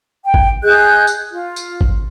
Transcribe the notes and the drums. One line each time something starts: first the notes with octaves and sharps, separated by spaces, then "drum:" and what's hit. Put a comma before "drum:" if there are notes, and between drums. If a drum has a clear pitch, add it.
G5
drum: kick G#1
G#4 D#5 F#6 G6
drum: tambourine
F4
drum: tambourine
drum: kick G#1